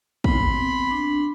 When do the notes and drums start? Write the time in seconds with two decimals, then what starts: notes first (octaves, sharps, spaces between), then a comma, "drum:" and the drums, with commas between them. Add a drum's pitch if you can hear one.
0.24 B3 C4 B5 C6, drum: kick
0.91 D4